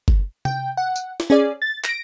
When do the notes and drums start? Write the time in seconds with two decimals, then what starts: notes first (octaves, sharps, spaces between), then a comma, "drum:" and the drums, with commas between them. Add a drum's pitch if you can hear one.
0.08 drum: kick F#1
0.45 G5, drum: tom C3
0.77 F#5
0.96 drum: tambourine
1.20 drum: snare
1.30 C#4 G#4 D5
1.62 A6
1.84 A#6 D7, drum: clap